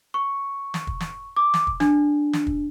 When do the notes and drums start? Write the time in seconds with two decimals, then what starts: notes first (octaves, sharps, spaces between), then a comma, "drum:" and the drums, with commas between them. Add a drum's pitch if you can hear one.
0.14 C#6
0.74 drum: snare
0.87 drum: kick
1.00 drum: snare
1.36 D6
1.54 drum: snare
1.67 drum: kick
1.80 D4, drum: snare
2.33 drum: snare
2.47 drum: kick